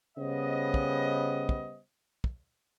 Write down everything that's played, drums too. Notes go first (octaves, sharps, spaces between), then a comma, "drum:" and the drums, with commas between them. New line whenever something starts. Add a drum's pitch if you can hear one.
C#3 G3 B3 C5 D#5
drum: kick
drum: kick
drum: kick